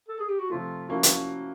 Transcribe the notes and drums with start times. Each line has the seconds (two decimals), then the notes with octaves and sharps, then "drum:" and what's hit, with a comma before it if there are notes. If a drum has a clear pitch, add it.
0.09 A4
0.20 G#4
0.29 G4
0.39 F#4
0.50 C3 F3 A3 F4
0.89 F3 A#3 C#4 E4 F#4
1.03 drum: hi-hat